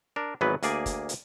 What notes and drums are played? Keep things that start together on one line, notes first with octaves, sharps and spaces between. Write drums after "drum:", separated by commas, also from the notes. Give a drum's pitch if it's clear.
D4 A#4
G#1 E3 F#3 B3 B4
D2 A#3 G#4 D5 G#5, drum: hi-hat
drum: kick, hi-hat
drum: hi-hat